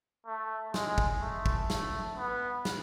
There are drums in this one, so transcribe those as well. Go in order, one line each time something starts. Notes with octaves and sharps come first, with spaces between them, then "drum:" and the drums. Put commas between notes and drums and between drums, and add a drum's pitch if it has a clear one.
A3
G#3, drum: snare
drum: kick
A3
drum: kick
A3, drum: snare
B3
drum: snare